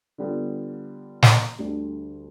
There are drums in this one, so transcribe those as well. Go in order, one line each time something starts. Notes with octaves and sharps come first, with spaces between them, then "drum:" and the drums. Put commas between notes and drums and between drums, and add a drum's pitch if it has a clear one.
D3 G3 B3 F4
drum: snare
D2 D3 G3 D4